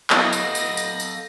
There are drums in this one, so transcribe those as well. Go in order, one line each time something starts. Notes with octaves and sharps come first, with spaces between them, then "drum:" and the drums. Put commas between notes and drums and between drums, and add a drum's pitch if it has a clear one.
F#3 B3 E4 A4 D#5 F5 F#5 A#6, drum: clap
drum: tambourine
drum: tambourine
drum: tambourine
drum: tambourine